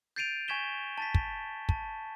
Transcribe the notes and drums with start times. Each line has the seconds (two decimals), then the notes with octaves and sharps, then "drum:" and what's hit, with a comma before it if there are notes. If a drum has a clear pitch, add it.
0.16 G6 A6 C7 D7 D#7 F7
0.48 G#5 C#6 G#6 B6 E7 G7
0.98 A5 A6 B6
1.15 drum: kick
1.69 A5, drum: kick